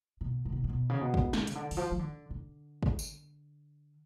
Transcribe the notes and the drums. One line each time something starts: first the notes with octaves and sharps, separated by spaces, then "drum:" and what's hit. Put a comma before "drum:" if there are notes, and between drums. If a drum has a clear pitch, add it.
B2
A2
B2
C#3
B2
C#3
B2
drum: kick
D3, drum: snare
C#3, drum: hi-hat
D3
D3, drum: open hi-hat
F3
F3
D3
D3
drum: kick
drum: tambourine